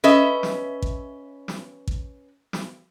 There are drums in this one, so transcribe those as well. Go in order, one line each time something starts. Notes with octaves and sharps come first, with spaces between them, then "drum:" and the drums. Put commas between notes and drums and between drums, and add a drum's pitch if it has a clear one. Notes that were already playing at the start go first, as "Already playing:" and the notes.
C#4 B4 D#5 E5
drum: snare
drum: kick A1
drum: snare
drum: kick A1
drum: snare